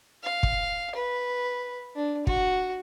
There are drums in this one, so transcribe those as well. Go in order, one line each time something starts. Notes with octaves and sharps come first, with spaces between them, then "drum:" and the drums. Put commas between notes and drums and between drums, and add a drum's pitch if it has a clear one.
F5
drum: kick
B4
D4
F#4, drum: kick